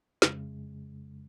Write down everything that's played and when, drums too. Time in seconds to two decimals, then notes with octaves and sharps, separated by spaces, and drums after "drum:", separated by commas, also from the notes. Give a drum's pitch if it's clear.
0.22 F2 C#3 G#3, drum: snare